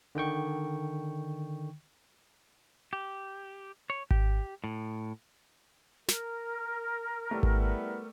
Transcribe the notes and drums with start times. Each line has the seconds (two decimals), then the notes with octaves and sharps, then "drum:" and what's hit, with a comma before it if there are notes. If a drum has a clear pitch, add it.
0.15 D3 D#3 G5 C#6
2.93 G4
3.90 C#5
4.11 G4, drum: kick G#1
4.64 A2
6.08 A#4, drum: snare
7.31 G3 A3 B3 E4 G4 D5
7.43 drum: kick G#1